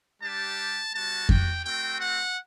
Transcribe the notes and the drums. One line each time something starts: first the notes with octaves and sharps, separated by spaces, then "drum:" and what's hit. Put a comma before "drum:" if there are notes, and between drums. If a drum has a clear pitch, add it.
G3 D4 G4 A5
G3 B3 F#4 A5
G5, drum: kick F2
A3 C4 F#4 G5
F#5